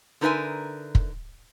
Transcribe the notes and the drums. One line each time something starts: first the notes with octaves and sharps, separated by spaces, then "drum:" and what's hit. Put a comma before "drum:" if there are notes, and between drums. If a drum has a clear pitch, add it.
D3 D#4 A#4 B4 E5 G#5
drum: kick